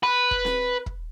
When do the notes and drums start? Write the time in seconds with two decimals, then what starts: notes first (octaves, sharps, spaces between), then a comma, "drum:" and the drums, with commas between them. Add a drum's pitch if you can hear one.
0.03 B4
0.31 drum: kick
0.45 drum: snare C4
0.86 drum: kick